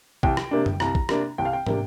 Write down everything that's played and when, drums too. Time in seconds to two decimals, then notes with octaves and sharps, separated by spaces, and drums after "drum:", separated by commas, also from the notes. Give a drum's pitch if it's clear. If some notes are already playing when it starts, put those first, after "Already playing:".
0.23 C2 G5, drum: kick
0.37 drum: rim click
0.51 C3 A#3 D4
0.66 drum: tom F#2
0.80 C2 A#5, drum: rim click
0.95 drum: kick
1.09 C3 A#3 D4, drum: rim click
1.38 C2 G5
1.45 F5
1.53 G5
1.66 C3 A#3 D4, drum: tom